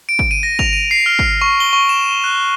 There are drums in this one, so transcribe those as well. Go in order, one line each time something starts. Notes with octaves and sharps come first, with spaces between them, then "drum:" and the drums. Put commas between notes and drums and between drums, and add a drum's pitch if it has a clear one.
D7
drum: kick G#1
D#7
A#6
F7, drum: kick G#1
D#7
C7
F6
drum: kick G#1
C#6
G7
C#6
E7
F#6